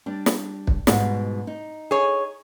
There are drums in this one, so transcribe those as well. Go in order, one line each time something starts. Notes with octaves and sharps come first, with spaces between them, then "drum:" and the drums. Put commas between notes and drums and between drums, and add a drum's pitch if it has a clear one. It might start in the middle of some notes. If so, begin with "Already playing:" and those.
G3 D4
drum: snare
drum: kick
G#2 B2 G3, drum: snare
D#4
G#4 C#5